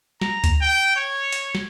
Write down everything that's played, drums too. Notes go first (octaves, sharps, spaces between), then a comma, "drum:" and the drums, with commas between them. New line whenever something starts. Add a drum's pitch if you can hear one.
A#5, drum: snare
drum: kick D2, hi-hat
G5
C#5
drum: hi-hat
drum: snare